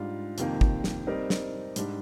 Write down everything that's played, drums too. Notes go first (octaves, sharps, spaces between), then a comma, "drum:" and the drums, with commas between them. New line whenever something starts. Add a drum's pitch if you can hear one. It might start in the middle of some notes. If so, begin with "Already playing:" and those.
Already playing: G#2 G3 D4 F4
F2 C3 D#3 A#3, drum: hi-hat
drum: kick
drum: snare
G3 C4 D#4 A#4 D5
drum: snare
G#2 G3 D4, drum: hi-hat